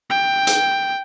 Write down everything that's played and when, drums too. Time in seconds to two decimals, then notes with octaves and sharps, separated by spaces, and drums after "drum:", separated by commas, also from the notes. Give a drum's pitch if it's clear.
0.10 G5
0.47 drum: hi-hat